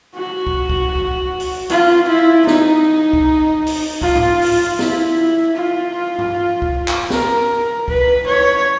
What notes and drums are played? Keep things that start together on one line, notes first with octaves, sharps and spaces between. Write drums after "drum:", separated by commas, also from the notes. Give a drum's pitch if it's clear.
F#4
drum: kick
drum: kick
drum: kick
drum: open hi-hat
F4, drum: hi-hat
E4
D#4, drum: snare
drum: kick
drum: open hi-hat
F4, drum: kick
drum: tom G#2
drum: open hi-hat
E4, drum: snare
F4
drum: tom
drum: kick
drum: clap
A#4, drum: snare
B4, drum: kick
C#5